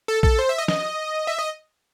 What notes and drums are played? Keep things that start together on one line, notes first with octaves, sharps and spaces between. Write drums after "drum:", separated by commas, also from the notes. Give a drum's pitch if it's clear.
A4
A4, drum: kick A#1
C5
E5
D#5
D#5, drum: snare
E5
D#5